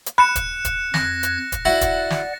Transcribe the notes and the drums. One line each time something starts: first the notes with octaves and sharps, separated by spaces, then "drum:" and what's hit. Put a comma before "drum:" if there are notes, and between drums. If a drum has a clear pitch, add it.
drum: hi-hat
B5 F#6 C#7 E7
drum: kick, hi-hat
drum: kick, hi-hat
F2 F#6 G#6 A#6, drum: snare
drum: hi-hat
drum: kick, hi-hat
E4 F#4 D5 F#5 A#6
drum: kick, hi-hat
drum: snare